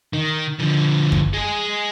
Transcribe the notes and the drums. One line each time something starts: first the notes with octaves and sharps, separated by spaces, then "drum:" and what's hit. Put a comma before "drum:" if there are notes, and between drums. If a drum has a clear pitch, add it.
D#3
D3 F3
drum: kick F#2
G#3 G#4